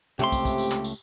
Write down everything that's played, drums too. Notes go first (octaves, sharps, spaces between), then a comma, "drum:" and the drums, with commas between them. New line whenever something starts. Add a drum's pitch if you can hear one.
C#2 C3 A3 G4 C6, drum: tom
drum: kick, tambourine
drum: kick, tambourine
drum: tambourine
drum: clap
drum: tambourine